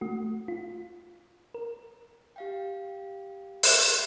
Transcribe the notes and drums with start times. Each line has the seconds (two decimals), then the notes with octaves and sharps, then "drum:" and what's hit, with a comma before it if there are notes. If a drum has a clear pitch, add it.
0.01 A3 F#4
0.48 F4
1.54 A#4
2.36 G4 F5 G5
3.63 drum: open hi-hat